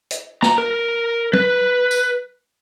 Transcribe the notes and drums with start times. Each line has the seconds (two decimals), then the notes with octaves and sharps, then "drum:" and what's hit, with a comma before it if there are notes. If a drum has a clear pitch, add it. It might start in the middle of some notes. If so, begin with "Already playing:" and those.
0.11 drum: hi-hat
0.42 A#5, drum: snare
0.58 A#4
1.33 B4, drum: tom
1.91 drum: tambourine